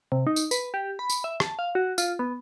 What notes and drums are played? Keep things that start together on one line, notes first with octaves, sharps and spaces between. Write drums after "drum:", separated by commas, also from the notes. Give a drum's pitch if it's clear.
C3
D#4
drum: tambourine
B4, drum: tambourine
G4
B5
drum: tambourine
E5
A5, drum: rim click
F5
F#4
F4, drum: tambourine
B3